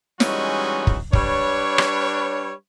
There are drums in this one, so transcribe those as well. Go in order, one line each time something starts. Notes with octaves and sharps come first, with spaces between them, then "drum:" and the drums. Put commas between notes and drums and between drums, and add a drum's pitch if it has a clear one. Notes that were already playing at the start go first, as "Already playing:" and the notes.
E3 G3 G#3 C#4 D#4 F#4, drum: snare
drum: kick
G3 D4 B4 C#5, drum: kick
drum: rim click